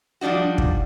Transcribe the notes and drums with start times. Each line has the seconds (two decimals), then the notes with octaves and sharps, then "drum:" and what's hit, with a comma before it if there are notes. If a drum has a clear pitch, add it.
0.21 F3 G3 D4 D#4 F#4
0.58 drum: kick